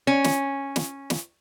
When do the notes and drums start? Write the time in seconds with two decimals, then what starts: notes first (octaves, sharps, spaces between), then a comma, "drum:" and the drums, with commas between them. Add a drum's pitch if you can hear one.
0.07 C#4
0.24 drum: snare
0.76 drum: snare
1.10 drum: snare